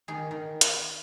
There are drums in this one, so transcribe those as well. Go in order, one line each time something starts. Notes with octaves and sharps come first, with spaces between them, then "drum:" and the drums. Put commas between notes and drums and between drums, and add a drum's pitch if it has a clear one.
D#3 G#4
D#3
drum: hi-hat